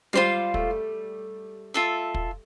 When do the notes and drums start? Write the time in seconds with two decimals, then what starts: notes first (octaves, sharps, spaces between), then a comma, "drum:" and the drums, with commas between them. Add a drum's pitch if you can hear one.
0.13 G3 F4 C5 F5
0.54 A3, drum: kick
1.74 F4 A4 E5
2.14 drum: kick